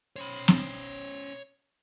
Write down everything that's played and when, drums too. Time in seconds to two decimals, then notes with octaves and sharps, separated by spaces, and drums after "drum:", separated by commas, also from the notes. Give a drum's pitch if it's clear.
0.16 C#4 C5 C#5 B5
0.48 drum: snare